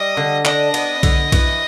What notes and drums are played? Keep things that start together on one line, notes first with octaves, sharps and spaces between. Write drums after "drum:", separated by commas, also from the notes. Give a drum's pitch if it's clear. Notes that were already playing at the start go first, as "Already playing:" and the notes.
Already playing: G3 D#5
D3
D4 D#5, drum: clap
B3, drum: cymbal
D3, drum: kick B1, cymbal
E3, drum: kick B1, cymbal